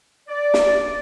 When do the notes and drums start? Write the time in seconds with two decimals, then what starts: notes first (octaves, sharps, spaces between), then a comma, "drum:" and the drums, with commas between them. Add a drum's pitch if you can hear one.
0.29 D5
0.54 drum: snare